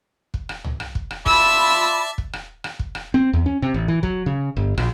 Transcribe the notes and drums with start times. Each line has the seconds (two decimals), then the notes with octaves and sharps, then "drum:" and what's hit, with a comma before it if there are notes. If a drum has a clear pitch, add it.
0.34 drum: kick
0.49 drum: rim click
0.64 drum: tom C2
0.80 drum: rim click
0.95 drum: kick
1.11 drum: rim click
1.26 F4 D5 E5 A5 B5 C6 E6, drum: kick
2.18 drum: kick
2.33 drum: rim click
2.64 drum: rim click
2.79 drum: kick
2.95 drum: rim click
3.14 C4
3.33 E2
3.46 C#4
3.62 C3
3.74 A1
3.88 E3
4.03 F#3, drum: kick
4.26 C#3
4.57 G1
4.77 A#1, drum: rim click